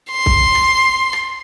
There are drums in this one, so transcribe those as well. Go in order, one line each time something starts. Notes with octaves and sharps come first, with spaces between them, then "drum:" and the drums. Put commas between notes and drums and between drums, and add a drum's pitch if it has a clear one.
C6
drum: kick C2
drum: rim click
drum: rim click